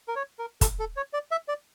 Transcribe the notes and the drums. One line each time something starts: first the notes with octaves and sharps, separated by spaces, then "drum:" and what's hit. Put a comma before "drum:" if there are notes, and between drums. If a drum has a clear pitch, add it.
A#4
C#5
A#4
A4, drum: kick, hi-hat
A4
C#5
D5
E5
D5